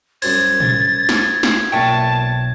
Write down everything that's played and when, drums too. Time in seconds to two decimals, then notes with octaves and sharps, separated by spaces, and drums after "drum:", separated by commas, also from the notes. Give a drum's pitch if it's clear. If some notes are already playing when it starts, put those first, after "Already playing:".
0.22 C2 F#2 C5 G#6 A6, drum: open hi-hat
0.60 drum: tom A2
1.09 drum: snare
1.43 drum: snare
1.72 B1 A#2 E5 G5 A5 C#6